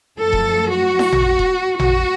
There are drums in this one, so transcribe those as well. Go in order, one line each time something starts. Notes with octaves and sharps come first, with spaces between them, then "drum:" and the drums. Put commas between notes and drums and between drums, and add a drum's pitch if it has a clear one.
F#2 F3 A3 A4
drum: kick E1
F#4
drum: snare E4
drum: tom A1
drum: kick E1
F#4, drum: tom A1